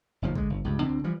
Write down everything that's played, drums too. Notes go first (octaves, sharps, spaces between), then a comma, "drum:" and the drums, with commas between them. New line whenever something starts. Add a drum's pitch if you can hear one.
F#1 D#2 F3
D3 G#3, drum: kick
G1
C#2 G2
D2 D3 C4
E3 F3 G3